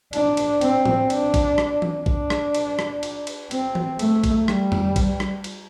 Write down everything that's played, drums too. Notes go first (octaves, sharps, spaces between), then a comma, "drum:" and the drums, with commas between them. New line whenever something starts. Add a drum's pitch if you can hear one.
D4, drum: cymbal
drum: cymbal
C4, drum: cymbal
drum: tom
D4, drum: cymbal
drum: kick A#1, cymbal
drum: rim click
drum: tom E3
D4, drum: kick A#1
drum: rim click
drum: cymbal
drum: rim click
drum: cymbal
drum: cymbal
C4, drum: cymbal
drum: tom E3
A3, drum: cymbal
drum: kick A#1, cymbal
G3, drum: rim click
drum: tom F2
drum: kick A#1, cymbal
drum: rim click
drum: cymbal